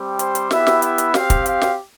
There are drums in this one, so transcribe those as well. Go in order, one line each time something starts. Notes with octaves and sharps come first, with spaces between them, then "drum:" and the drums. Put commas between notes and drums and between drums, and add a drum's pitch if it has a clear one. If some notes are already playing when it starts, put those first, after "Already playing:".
Already playing: G3 C4 G4
C5, drum: hi-hat
drum: hi-hat
B3 E4 G4 E5, drum: snare
drum: snare
E5, drum: hi-hat
drum: hi-hat
C4 G4 F5, drum: snare
drum: kick, hi-hat
F5, drum: hi-hat
drum: snare